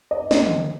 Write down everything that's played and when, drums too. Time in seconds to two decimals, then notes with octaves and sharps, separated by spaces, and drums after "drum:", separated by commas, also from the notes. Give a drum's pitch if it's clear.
0.11 D#5
0.31 D#5, drum: snare
0.46 drum: tom D3